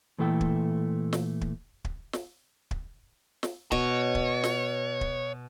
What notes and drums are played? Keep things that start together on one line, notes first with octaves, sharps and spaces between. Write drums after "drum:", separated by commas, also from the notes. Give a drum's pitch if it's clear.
A#2 E3 A3 E4 A4 G5
drum: kick
drum: snare
drum: kick
drum: kick
drum: snare
drum: kick
drum: snare
B2 C#5, drum: kick
drum: kick
drum: snare
drum: kick